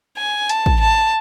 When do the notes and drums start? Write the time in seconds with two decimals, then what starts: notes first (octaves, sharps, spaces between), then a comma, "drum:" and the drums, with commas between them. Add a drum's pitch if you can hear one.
0.18 G#5
0.49 A5, drum: hi-hat
0.66 drum: kick
0.81 A5